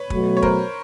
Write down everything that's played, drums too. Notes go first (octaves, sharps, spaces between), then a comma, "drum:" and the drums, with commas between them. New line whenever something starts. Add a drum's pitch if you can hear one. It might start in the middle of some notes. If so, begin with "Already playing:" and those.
Already playing: B4 C#5
B2 F#3 A3, drum: kick
C#5
A#4 C5, drum: kick